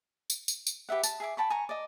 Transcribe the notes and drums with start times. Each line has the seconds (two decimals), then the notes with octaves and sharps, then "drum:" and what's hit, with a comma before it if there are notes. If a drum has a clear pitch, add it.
0.30 drum: tambourine
0.48 drum: tambourine
0.67 drum: tambourine
0.89 G4 B4 E5 F#5
1.03 A5, drum: tambourine
1.20 G#4 E5 D6
1.37 G5 A5 B5 C#6
1.50 G#5 A#5 C#6
1.69 D5 D#5